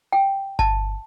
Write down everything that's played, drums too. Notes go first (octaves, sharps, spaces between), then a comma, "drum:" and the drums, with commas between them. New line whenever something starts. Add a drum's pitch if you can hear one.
G5
A5, drum: kick G1